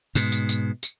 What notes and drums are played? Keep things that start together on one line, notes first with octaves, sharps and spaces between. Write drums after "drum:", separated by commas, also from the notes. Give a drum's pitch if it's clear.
G#2 B2, drum: tambourine
drum: tambourine
drum: tambourine
drum: tambourine